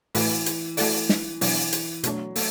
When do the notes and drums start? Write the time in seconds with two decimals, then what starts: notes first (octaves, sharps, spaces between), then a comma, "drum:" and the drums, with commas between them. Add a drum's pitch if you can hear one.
0.15 A2 E3 A3 F#4 B4, drum: open hi-hat
0.46 drum: hi-hat
0.77 E3 A3 F#4 A4 D5, drum: open hi-hat
1.09 drum: snare
1.41 B2 E3 F#3 D4, drum: open hi-hat
1.73 drum: hi-hat
2.04 B2 F#3 A3 D4, drum: hi-hat
2.36 A3, drum: open hi-hat